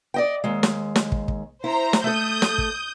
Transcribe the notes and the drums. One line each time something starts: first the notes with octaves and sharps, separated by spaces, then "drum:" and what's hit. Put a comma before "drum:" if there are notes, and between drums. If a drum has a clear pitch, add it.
D5 D#5 G5
D#2 G#3
drum: snare
drum: snare
drum: kick
drum: kick
E4 C5 A#5
drum: snare
A3 A4 D#6 G6
drum: snare
drum: kick